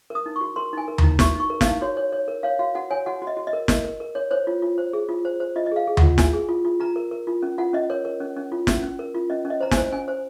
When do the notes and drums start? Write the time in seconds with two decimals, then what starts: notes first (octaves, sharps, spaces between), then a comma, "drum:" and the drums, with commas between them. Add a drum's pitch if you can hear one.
0.10 A#4 D#6
0.26 D#4
0.36 C#6
0.41 F#4
0.56 A#4 C6
0.73 D#4 G#5
0.88 A#4
0.98 A#5, drum: tom D#2
1.03 D#4
1.19 F#4 C#6, drum: snare
1.35 D#4 C#6
1.50 A#4
1.61 F5, drum: snare
1.66 D#4
1.81 F#4 C#5
1.97 C#5
2.12 C#5
2.28 A#4
2.43 C#5 F5
2.59 F#4 F5
2.75 F#4 F#5
2.90 C#5 G#5
3.06 F#4 F#5
3.22 F#4
3.27 D#5
3.37 F#4
3.47 D#5
3.53 A#4
3.68 A#4 D#5, drum: snare
3.84 A#4
4.00 A#4
4.15 C#5
4.31 C5 C#5
4.47 F4
4.62 F4
4.78 C5
4.93 G#4
5.09 F4
5.25 C5
5.40 C5
5.56 F4 D#5
5.66 D#5
5.72 G#4 F5
5.87 G#4
5.97 F#5, drum: tom D#2
6.02 F4
6.18 F4 G#5, drum: snare
6.34 G#4
6.49 F4
6.65 F4
6.80 F4 A#5
6.96 A#4
7.11 A#4
7.27 F4
7.43 C#4
7.58 F4 F#5
7.73 C#4 D#5
7.90 A#4 C#5
8.05 A#4
8.20 C#4
8.36 C#4
8.52 F4
8.67 C#4, drum: snare
8.83 C#4
8.99 A#4
9.15 F4
9.30 C#4 D#5
9.45 C#4
9.50 D#5
9.61 C5 A#5
9.71 G#5, drum: snare
9.77 C5
9.92 C#4 G#5
10.08 C5